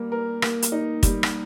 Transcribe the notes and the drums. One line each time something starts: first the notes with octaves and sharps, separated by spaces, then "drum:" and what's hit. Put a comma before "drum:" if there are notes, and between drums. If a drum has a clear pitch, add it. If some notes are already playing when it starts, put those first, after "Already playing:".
Already playing: G3 A#3
A#4
A#3, drum: rim click
drum: hi-hat
D#4
G3, drum: kick, hi-hat
drum: rim click